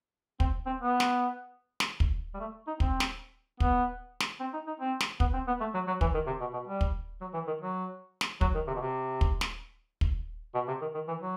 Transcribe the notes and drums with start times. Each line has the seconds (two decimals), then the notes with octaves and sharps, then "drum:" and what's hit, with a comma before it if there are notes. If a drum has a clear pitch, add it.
0.40 C4, drum: kick
0.66 C4
0.81 B3
1.00 drum: snare
1.80 drum: snare
2.00 drum: kick
2.34 G3
2.40 A3
2.67 D#4
2.80 C4, drum: kick
3.00 drum: snare
3.60 B3, drum: kick
4.20 drum: snare
4.40 C4
4.54 D#4
4.67 D#4
4.80 C4
5.00 drum: snare
5.20 B3, drum: kick
5.34 C4
5.47 B3
5.60 A3
5.74 F#3
5.87 F#3
6.01 E3, drum: kick
6.14 D#3
6.27 C3
6.41 B2
6.54 B2
6.68 G3
6.81 drum: kick
7.21 F#3
7.34 E3
7.47 D#3
7.61 F#3
8.21 drum: snare
8.41 F#3, drum: kick
8.54 D#3
8.68 C3
8.75 B2
8.81 C3
9.21 drum: kick
9.41 drum: snare
10.01 drum: kick
10.55 B2
10.68 C3
10.81 D#3
10.94 D#3
11.08 E3
11.21 F#3